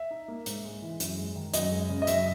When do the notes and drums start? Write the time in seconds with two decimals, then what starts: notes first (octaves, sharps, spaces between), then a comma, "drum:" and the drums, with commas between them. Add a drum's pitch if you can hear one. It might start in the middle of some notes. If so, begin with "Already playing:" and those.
Already playing: E5
0.11 D#4
0.28 A#3
0.46 G#2, drum: hi-hat
0.64 G#3
0.82 E3
1.00 F#2, drum: hi-hat
1.18 G#3
1.36 D#3
1.54 F#2 D#5, drum: hi-hat
1.72 G#3
1.89 C#3
2.02 D#5
2.07 F#2 E5, drum: hi-hat